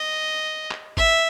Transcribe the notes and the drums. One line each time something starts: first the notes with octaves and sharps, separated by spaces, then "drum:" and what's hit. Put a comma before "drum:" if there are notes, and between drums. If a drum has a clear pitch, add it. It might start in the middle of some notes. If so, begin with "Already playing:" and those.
Already playing: D#5
drum: clap
E5, drum: kick G#1